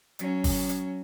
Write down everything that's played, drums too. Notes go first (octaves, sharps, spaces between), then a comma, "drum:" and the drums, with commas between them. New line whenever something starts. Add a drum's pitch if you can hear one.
F#3 C#4, drum: hi-hat
drum: kick G1, open hi-hat
drum: hi-hat